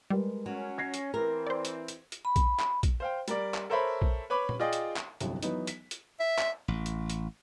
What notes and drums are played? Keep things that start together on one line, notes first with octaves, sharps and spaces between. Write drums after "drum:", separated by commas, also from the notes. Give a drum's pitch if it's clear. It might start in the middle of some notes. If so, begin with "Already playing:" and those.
G3 G#3 A#4 B4
F#3 C#4
G#6 A#6 C7
drum: hi-hat
E3 C4 A#4
C5 D5
drum: hi-hat
drum: hi-hat
drum: hi-hat
B5
drum: kick A#1, hi-hat
drum: clap
drum: kick A#1, hi-hat
C5 F5 G5
G3 A#4 D5, drum: hi-hat
drum: clap
A4 A#4 C5 C#5 E5 B5
drum: kick A#1
B4 C#5 B5 D6
drum: tom A#2
F4 G#4 D5 D#5 G5
drum: hi-hat
drum: clap
G1 C2 F2 F#3, drum: hi-hat
E3 F#3 B3 D#4, drum: hi-hat
B6, drum: hi-hat
drum: hi-hat
E5
drum: clap
A1
drum: hi-hat
drum: hi-hat